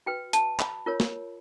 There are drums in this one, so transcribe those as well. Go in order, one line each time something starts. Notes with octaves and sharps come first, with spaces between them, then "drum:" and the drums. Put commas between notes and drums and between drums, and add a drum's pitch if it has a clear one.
F#4 B4 G5
A5, drum: hi-hat
B5, drum: clap
F4 A#4 C#5
drum: snare